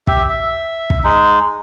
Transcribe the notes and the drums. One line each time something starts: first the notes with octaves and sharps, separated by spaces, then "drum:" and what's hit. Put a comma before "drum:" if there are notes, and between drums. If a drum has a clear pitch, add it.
G4 E5, drum: kick
E5
drum: kick
G#3 D#4